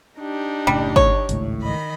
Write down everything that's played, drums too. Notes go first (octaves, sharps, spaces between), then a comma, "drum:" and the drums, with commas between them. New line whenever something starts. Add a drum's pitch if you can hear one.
D4 D#4 G4
F#1 A2 C#3 G3
C#5, drum: kick
G#1 C#2 A2, drum: hi-hat
D#3 D#5 B5